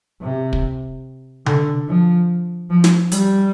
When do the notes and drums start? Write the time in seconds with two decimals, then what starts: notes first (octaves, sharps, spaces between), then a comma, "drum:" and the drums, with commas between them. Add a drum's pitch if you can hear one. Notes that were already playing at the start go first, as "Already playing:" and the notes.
0.22 C3
0.53 drum: kick
1.46 D3, drum: tom C3
1.88 F3
2.70 F3
2.84 drum: snare
3.12 G3, drum: hi-hat